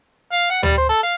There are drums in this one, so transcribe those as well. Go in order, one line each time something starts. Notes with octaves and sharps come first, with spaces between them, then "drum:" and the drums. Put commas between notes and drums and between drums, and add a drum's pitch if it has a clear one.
F5
F#5
G3, drum: tom D2
C5
A4
F5